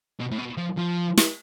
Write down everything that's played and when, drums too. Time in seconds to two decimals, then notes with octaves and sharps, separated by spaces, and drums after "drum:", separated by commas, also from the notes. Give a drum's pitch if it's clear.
0.19 B2
0.31 A2
0.38 B2
0.57 F3
0.77 F3
1.18 drum: snare